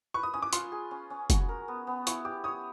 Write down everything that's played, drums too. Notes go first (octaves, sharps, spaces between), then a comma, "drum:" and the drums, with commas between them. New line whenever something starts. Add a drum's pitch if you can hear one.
B4 C#6
D#6
C#4 D#6
D6
F4 C6, drum: hi-hat
G#4
C#4
C#4
F#4, drum: kick F1, hi-hat
A#4
B3
B3
E4 C#6, drum: hi-hat
G4 D6
C#5 D#6